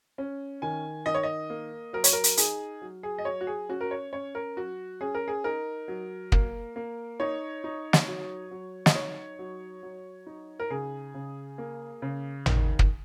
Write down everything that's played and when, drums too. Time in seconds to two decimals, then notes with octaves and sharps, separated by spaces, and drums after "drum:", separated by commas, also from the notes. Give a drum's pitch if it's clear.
0.18 C#4
0.62 D#3 G#5
1.06 D#3 D#5
1.15 C#5
1.23 D#5
1.50 A#3
1.93 F#3 A#4
2.04 C#5, drum: hi-hat
2.13 A#4
2.24 drum: hi-hat
2.37 D#4 G#4, drum: hi-hat
2.82 F#3
3.03 G#4
3.18 D#5
3.25 F#3 C#5
3.41 F#4
3.47 G#4
3.69 C#4 F#4
3.81 A#4
3.91 C#5
4.13 C#4 C#5
4.35 A#4
4.57 F#3 F#4
5.01 C#4 G#4
5.15 A#4
5.28 G#4
5.44 D#4 A#4
5.88 F#3
6.32 A#3, drum: kick
6.76 A#3
7.20 D#4 C#5
7.64 D#4
7.93 drum: snare
8.07 F#3
8.51 F#3
8.86 D#5, drum: snare
8.95 D#4 C#5
9.39 F#3
9.83 F#3
10.26 D#4
10.60 A#4
10.70 C#3 G#4
11.14 C#3
11.58 A#3
12.02 C#3
12.46 D#3, drum: tom
12.79 drum: kick